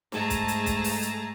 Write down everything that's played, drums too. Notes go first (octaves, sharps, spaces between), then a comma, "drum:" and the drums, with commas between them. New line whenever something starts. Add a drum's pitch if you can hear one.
G#2 A3 G#4 A5 A#5, drum: snare
drum: kick, hi-hat
drum: hi-hat
drum: kick, hi-hat
drum: open hi-hat
drum: hi-hat